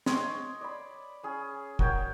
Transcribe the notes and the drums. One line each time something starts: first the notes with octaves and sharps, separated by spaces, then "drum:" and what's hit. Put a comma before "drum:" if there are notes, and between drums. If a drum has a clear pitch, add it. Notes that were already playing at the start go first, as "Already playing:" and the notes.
C#5 D#5 C6, drum: snare
D5 B5
C#4 G#4
F#4 A#4 C#5 G5, drum: kick